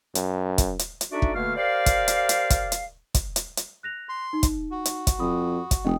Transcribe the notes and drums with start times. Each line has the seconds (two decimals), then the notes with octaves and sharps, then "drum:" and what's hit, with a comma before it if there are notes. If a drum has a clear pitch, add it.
0.15 F#2, drum: hi-hat
0.58 drum: kick, hi-hat
0.79 drum: hi-hat
1.01 drum: hi-hat
1.11 A3 D4 D#4 F#4 D5 E5
1.22 drum: kick
1.35 B2 D3 A3 A#3 F5 F6
1.57 G4 A#4 C5 D5 F5
1.86 drum: kick, hi-hat
2.08 drum: hi-hat
2.29 drum: hi-hat
2.50 drum: kick, hi-hat
2.72 drum: hi-hat
3.14 drum: kick, hi-hat
3.36 drum: hi-hat
3.57 drum: hi-hat
3.83 F#6 A#6 F7
4.09 C6
4.33 D#4
4.43 drum: kick, hi-hat
4.71 F#4
4.85 drum: hi-hat
5.07 drum: kick, hi-hat
5.19 F2 B5 D#6
5.71 drum: kick, hi-hat
5.85 F1 D#5 G5 D#6